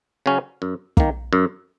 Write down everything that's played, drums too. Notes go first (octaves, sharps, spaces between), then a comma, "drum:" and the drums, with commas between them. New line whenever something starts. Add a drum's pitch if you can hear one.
C#3 F#3 C#4
F#2
D#3 A#3, drum: kick
F#2